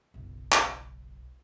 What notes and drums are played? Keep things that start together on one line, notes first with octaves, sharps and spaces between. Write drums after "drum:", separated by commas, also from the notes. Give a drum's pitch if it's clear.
F#1 B1
drum: clap